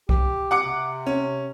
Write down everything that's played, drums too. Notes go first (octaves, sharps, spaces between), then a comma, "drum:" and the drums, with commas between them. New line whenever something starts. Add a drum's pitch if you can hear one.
G4, drum: kick B1
F#5 D6 C#7
C3
C#4